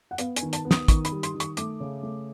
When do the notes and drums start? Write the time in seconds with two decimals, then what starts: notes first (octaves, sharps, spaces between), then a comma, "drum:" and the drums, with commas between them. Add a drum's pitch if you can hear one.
0.11 F#5
0.18 B3 F5, drum: hi-hat
0.36 G#5, drum: hi-hat
0.42 D#3
0.53 A5, drum: hi-hat
0.65 B3
0.71 D#6, drum: snare
0.88 D#3 C#6, drum: kick, hi-hat
1.05 B5, drum: hi-hat
1.11 G3
1.23 C6, drum: hi-hat
1.34 D#3
1.40 C#6, drum: hi-hat
1.57 A3 D6, drum: hi-hat
1.80 C#3
2.03 A3